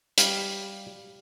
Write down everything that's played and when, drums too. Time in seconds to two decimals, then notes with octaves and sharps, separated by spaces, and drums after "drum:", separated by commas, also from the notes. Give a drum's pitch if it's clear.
0.18 G3 F5, drum: hi-hat